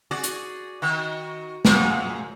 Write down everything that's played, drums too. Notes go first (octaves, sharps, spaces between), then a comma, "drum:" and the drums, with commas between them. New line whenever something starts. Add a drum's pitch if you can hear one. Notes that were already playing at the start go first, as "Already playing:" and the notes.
F#4 G#4 D5
drum: hi-hat
D#3 F#4
F#2 A#2 G#4, drum: snare